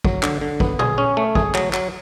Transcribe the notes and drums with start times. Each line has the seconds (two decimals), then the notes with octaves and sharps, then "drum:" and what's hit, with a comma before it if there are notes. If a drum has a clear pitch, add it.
0.05 F#3, drum: kick
0.23 D3, drum: clap
0.41 D3
0.60 B3, drum: kick
0.79 G#4, drum: tom A#2
0.98 C#4
1.17 A3
1.35 G#4, drum: kick
1.54 F#3, drum: clap
1.73 F#3, drum: clap